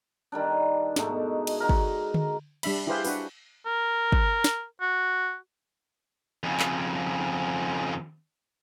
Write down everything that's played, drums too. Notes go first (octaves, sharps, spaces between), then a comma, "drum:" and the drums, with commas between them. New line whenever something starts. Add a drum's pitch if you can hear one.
D#3 G3 D4
G#2 B2 A3, drum: snare
drum: cymbal
F#4 A#4
drum: kick
drum: tom D3
G3 D4 E5 B5, drum: cymbal
E4 G4 G#4 B4 C5 F5
D4 F#4 B4, drum: open hi-hat
A#4
drum: kick
drum: snare
F#4
F2 C#3
drum: clap